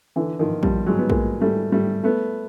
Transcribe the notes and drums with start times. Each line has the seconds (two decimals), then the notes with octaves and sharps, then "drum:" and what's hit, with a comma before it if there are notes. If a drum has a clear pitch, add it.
0.16 D3 E3
0.39 D#3 F3
0.63 F3 G3, drum: kick
0.86 F#3 G#3
0.98 B3
1.10 G#3 A#3, drum: kick
1.41 G3 A3
1.72 G3 A3
2.03 A3 B3